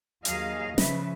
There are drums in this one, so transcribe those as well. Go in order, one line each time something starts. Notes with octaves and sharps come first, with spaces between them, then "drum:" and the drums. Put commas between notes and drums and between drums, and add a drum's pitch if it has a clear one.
D#2 F#3 G#4 D#5 F5, drum: hi-hat
C#3 F3 B4 E5, drum: snare